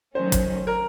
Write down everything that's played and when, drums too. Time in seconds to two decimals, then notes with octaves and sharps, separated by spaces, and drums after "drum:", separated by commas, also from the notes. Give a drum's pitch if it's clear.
0.15 D#3 F#3 A3 C#4 C5
0.32 drum: kick, hi-hat
0.67 A#4